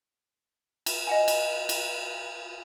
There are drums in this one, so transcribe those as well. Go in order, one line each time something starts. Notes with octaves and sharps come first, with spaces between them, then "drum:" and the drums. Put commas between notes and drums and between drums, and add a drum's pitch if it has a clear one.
drum: cymbal
D#5 F#5 G#5
drum: cymbal
drum: cymbal